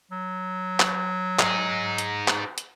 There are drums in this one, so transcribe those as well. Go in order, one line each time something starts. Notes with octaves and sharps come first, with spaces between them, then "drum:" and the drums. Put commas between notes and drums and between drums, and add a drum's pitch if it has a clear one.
F#3
drum: clap
D#4 G#4, drum: clap
drum: hi-hat
drum: clap
drum: hi-hat